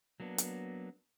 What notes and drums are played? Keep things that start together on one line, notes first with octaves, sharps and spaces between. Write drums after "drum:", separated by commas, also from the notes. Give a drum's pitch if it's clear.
F#3 A#3 B3 D4
drum: hi-hat